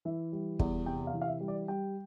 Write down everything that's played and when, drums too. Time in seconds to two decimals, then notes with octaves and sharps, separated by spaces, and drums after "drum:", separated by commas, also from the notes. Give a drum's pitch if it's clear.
0.05 E3 E5
0.33 G3
0.59 E2, drum: kick
0.86 C3 G5
1.07 F5
1.14 E3
1.22 F5
1.28 E5
1.41 G3
1.48 D5
1.68 G3 G5